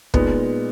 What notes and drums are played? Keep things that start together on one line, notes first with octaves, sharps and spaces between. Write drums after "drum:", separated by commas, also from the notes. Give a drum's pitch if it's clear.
A#2 G#3 B3 D#4, drum: kick